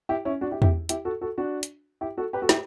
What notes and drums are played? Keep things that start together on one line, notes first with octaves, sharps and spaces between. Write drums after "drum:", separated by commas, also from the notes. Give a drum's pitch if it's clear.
E4 G4
C#4 E4
D4 F#4
E4 G4
E4 G4, drum: tom E2
E4 G4, drum: hi-hat
F#4 A4
F#4 A4
D4 F#4
drum: hi-hat
E4 G4
F#4 A4
G4 B4
F#4 A4
E4 G4, drum: snare